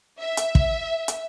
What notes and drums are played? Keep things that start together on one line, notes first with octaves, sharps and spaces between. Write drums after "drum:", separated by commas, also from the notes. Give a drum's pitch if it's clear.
E5
drum: hi-hat
drum: kick
drum: hi-hat